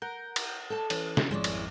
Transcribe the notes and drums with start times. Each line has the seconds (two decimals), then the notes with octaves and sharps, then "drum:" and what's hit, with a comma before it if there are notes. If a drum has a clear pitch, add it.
0.02 A#4 F#5 A#5 G6
0.36 drum: cymbal
0.70 A4 A5
0.90 E3 C#4, drum: cymbal
1.17 drum: snare
1.31 G#1 F2 G#3 C#4 E4 D5
1.44 drum: cymbal